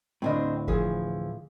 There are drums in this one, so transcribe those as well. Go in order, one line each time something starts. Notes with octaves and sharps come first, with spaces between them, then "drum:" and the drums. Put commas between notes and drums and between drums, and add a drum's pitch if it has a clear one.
D2 A2 C4 D4 D#5
E3 F3 G#4, drum: kick G1